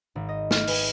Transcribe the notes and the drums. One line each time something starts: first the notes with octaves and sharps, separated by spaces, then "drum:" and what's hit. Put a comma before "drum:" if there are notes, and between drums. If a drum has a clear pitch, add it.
G#1
D#5
F6, drum: snare
B4, drum: open hi-hat